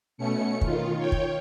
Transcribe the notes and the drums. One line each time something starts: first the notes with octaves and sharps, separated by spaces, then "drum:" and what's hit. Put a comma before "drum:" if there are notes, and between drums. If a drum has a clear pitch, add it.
B2 A3 C#4 C#7
D#3 F4, drum: kick
C#5 G5
drum: kick